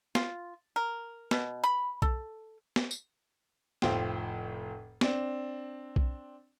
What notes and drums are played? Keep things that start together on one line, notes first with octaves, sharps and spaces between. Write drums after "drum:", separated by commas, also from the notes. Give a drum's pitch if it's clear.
F4, drum: snare
A#4
B2, drum: snare
B5
A4, drum: kick B1
drum: snare
drum: tambourine
F1 A2 F4 C5 G5, drum: snare
C4 D4, drum: snare
drum: kick B1